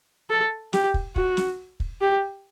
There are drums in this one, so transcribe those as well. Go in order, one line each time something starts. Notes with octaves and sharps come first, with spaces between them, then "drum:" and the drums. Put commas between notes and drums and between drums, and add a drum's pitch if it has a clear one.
A4
G4, drum: snare
drum: kick
F#4, drum: kick
drum: snare
drum: kick
G4